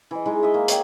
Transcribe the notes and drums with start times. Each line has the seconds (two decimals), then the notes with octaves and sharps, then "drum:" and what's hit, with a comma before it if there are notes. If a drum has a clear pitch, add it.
0.11 E3 D#5
0.26 E3 G#3 D#4
0.43 D#5 E5
0.54 A#3
0.68 C#5 D#5 G5, drum: hi-hat